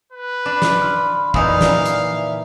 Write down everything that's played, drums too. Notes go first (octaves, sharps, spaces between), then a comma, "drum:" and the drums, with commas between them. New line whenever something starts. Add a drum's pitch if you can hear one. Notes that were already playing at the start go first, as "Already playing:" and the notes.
B4
D4 B5
drum: snare
C6 F6
A#2 E3 D#4 D5 F5 D#6 E6, drum: kick
drum: snare
drum: hi-hat
E5